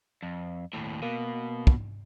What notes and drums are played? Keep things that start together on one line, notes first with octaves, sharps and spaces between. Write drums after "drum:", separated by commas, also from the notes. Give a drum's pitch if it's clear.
F2
D#2 A2
B2 A#3
drum: kick